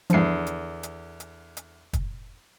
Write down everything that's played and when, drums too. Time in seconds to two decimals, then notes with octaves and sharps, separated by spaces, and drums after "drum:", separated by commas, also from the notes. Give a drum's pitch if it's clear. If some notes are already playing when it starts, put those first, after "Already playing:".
0.10 E2 D3 F3 C7, drum: hi-hat
0.47 drum: hi-hat
0.83 drum: hi-hat
1.20 drum: hi-hat
1.57 drum: hi-hat
1.93 drum: kick, hi-hat